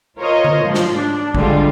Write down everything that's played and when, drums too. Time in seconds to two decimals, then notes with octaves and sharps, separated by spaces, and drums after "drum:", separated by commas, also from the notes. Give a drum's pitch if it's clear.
0.18 F4 A#4 C5 C#5 D#5
0.44 drum: tom D3
0.61 G#2 F3
0.75 drum: snare
0.95 D4
1.35 D3 G3 G#3 F4, drum: kick